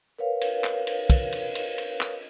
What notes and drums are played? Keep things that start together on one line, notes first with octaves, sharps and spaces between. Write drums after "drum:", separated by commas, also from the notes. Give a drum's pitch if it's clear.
A#4 B4 C#5 F5
drum: cymbal
drum: clap
drum: cymbal
drum: kick, cymbal
drum: cymbal
drum: cymbal
drum: cymbal
drum: clap